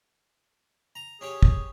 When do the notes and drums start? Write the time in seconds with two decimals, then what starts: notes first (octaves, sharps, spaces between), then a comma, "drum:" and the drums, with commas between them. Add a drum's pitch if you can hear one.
0.95 A#5
1.21 C#4 G4 G#4 C#5
1.43 drum: kick